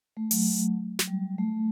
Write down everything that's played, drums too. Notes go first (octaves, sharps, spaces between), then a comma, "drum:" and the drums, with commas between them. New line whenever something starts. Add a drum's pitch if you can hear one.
A3
F#3, drum: open hi-hat
F#3, drum: snare
G3
A3